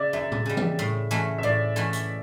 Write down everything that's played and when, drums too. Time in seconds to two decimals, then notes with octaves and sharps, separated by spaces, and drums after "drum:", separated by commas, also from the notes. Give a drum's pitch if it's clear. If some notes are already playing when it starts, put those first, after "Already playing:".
Already playing: C#3 D5 E5
0.13 F#2 E5
0.32 drum: tom A2
0.46 C#3 G3
0.57 drum: tom E3
0.79 A2
1.11 E3 A3 C#4 F#4
1.38 E5
1.43 A2 D5
1.76 E3 A3 C#4 F#4
1.93 drum: hi-hat